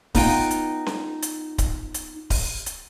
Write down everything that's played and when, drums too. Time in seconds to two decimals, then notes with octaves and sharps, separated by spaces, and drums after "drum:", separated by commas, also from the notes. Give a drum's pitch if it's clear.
0.15 B3 D#4 F4 G5, drum: kick D1, open hi-hat
0.51 drum: hi-hat
0.86 drum: snare C#4
1.22 drum: hi-hat
1.58 drum: kick D1, hi-hat
1.94 drum: hi-hat
2.30 drum: kick D1, open hi-hat
2.66 drum: hi-hat